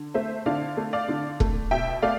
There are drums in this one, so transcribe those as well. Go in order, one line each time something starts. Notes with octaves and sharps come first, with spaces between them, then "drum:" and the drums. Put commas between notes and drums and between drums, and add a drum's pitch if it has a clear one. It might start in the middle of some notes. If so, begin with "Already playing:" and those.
Already playing: D3
A3 C5 E5
D3 D5 F5
A3
D5 F5
D3
A3, drum: kick E1
B2 E5 G5
A3 D5 F5